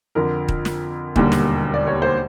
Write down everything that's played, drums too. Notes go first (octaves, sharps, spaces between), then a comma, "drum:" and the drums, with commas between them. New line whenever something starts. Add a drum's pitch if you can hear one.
F2 D3 F3 A#4
drum: kick
drum: snare
E1 D#2 D3 G3, drum: kick
drum: snare
D5
C#5
C5